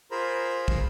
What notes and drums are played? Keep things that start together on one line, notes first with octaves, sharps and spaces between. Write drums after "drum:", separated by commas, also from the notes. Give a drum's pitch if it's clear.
F4 G#4 A#4 C5 A#5 B5
drum: kick